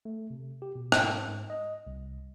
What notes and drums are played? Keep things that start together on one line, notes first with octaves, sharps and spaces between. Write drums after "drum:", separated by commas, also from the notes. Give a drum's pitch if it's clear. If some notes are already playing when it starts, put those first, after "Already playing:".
A3
C3
G4
B2
G#2, drum: rim click
G#2
D#5
C2